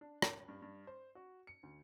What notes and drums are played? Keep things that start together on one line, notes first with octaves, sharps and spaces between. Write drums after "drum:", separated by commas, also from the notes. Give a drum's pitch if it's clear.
D4
C#4, drum: rim click
G2
G2
C5
F#4
C#7
D2